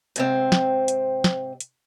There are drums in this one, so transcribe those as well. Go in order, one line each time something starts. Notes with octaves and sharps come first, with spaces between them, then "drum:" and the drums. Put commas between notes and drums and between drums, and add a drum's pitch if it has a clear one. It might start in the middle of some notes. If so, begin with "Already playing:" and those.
G#2 C3 C4, drum: hi-hat
drum: snare
drum: hi-hat
drum: snare
drum: hi-hat